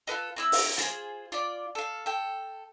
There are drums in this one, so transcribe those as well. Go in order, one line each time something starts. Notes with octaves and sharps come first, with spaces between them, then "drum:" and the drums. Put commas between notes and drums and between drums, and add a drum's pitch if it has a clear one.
F4 A4 B4 D#5
C4 E4 E6
drum: open hi-hat
F4 G#4 C5, drum: hi-hat
F4 D5
A4 F5
A4 G5